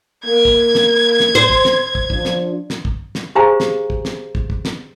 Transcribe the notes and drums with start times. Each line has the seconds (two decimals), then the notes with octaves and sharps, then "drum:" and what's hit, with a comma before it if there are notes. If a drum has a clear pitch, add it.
0.25 A#3 G#6
0.45 drum: kick
0.75 drum: snare
1.20 drum: snare
1.35 C5
1.50 drum: kick
1.65 drum: snare
1.95 drum: kick
2.10 F3 D4, drum: kick
2.25 drum: snare
2.70 drum: snare
2.85 drum: kick
3.15 drum: snare
3.35 G4 G#4 C5 F5 G#5 A#5
3.60 drum: snare
3.90 drum: kick
4.05 drum: snare
4.35 drum: kick
4.50 drum: kick
4.65 drum: snare